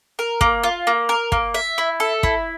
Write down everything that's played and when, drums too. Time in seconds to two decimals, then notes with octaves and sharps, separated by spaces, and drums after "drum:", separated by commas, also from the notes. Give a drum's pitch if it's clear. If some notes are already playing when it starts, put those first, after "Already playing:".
0.19 A#4
0.41 A#3, drum: kick
0.63 F4
0.87 A#3
1.09 A#4
1.32 A#3, drum: kick
1.54 E5
1.78 E4
2.00 A4
2.23 E4, drum: kick